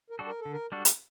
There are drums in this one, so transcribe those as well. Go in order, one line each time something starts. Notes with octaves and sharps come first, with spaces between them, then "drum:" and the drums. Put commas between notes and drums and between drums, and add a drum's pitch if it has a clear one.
A#4
G3 D4 F#4 A4
A#4
A4
D3
A#4
G3 D4 F#4 A4
drum: hi-hat